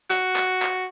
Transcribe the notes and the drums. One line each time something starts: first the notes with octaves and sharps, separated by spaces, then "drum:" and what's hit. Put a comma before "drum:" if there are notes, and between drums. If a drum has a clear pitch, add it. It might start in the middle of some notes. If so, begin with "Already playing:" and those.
F#4, drum: hi-hat
drum: clap
drum: clap